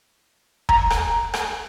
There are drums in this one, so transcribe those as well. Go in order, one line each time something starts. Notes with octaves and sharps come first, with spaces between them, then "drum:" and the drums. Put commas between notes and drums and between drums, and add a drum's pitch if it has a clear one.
A#5, drum: kick
drum: rim click
drum: rim click